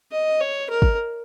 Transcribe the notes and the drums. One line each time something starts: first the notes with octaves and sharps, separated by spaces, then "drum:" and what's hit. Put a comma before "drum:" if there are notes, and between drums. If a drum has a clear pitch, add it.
D#5
C#5
A#4
drum: kick